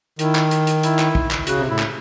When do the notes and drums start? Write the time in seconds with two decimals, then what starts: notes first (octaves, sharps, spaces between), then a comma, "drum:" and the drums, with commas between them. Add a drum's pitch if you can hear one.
0.19 D#3 E4, drum: hi-hat
0.35 drum: clap
0.51 drum: hi-hat
0.67 drum: hi-hat
0.83 E4, drum: hi-hat
0.99 drum: clap
1.15 drum: kick
1.31 drum: clap
1.47 C#3 F#4, drum: hi-hat
1.58 C3
1.68 A2 E4
1.79 drum: clap